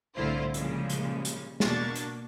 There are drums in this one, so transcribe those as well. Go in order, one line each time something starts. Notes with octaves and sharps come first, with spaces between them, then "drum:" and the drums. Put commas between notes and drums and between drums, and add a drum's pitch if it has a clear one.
C2 A2 D3 E4 F4 C5
A#2 C#3 F3 G3 G#3, drum: hi-hat
drum: hi-hat
drum: hi-hat
B2 A#3 D4 C#6 A6, drum: snare
drum: hi-hat